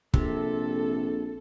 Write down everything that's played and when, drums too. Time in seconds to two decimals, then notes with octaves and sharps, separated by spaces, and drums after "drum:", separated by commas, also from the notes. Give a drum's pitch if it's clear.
0.14 A#1 C3 A4, drum: kick